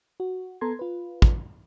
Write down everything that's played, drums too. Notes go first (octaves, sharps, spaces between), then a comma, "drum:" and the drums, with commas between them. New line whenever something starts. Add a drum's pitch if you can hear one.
F#4
B3 A4 A#5 C6 G#6
F4 B4
drum: kick